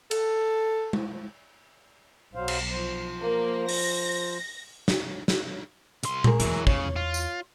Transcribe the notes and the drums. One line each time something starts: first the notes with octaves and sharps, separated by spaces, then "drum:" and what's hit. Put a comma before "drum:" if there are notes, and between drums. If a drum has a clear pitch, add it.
A4, drum: cymbal
drum: tom G#3
B1 F#3 C5 F5
drum: cymbal
F3 C5
A#3
A#6, drum: open hi-hat
drum: snare
drum: snare
C2 C6, drum: hi-hat
G#4 A#4, drum: tom A#2
E2 E3 F#3 E4, drum: hi-hat
C#3 C#5, drum: kick
F4
drum: tambourine